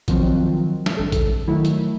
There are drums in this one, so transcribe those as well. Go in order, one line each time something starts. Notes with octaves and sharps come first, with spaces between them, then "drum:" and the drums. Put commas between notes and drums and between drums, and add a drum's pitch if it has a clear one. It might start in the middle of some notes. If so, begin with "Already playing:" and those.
D#3 F3 F#3 C4, drum: kick A1, hi-hat
drum: snare
G#1 A4
drum: kick A1, hi-hat
D#3 F#3 A3 E4
drum: hi-hat